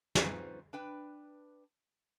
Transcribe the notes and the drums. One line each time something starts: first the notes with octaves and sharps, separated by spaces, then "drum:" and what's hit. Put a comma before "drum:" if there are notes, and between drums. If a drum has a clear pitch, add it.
C4 C#4 D#4 F4 B4 C5, drum: snare
D4 B4 G5